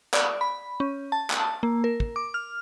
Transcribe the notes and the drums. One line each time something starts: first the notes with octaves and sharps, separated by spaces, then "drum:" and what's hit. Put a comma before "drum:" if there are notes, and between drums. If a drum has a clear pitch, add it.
D5, drum: clap
B5
C#4
A5
drum: clap
A5
A#3
A#4
drum: kick
D6
F6